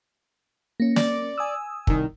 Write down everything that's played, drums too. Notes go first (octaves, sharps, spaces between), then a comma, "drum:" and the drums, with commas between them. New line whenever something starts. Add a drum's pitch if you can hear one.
A#3 C#4
D5, drum: snare
G#5 D#6 E6
C2 D#3, drum: kick